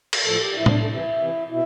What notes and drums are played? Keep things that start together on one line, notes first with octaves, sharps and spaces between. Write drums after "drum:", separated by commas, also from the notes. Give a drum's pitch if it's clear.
drum: cymbal
A2 F3 A4
G4
D4
A2 F3 E4
D4, drum: tom A2
A3
D4
C3 E3 E4
C3 E3
B2 E4